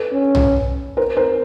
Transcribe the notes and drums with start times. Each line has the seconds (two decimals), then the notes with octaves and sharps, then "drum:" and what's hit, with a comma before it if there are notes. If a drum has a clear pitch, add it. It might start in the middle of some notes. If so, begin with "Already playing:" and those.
Already playing: A4 B4
0.12 C#4
0.35 drum: tom B1
0.97 A#4 C5
1.17 A#4 C5